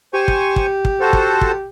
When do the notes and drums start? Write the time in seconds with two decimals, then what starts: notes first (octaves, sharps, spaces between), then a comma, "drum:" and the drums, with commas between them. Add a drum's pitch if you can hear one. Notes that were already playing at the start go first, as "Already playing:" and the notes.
0.14 G4 C5 G#5 C#6
0.28 drum: kick
0.56 drum: kick
0.85 drum: kick
1.00 F#4 A4 C5
1.13 drum: kick
1.41 drum: kick